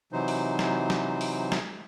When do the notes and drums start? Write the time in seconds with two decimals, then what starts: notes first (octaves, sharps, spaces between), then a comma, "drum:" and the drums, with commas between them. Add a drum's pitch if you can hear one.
0.13 C3 E3 F#3 D#4 C5
0.28 drum: open hi-hat
0.59 drum: snare
0.90 drum: snare
1.21 drum: open hi-hat
1.52 drum: snare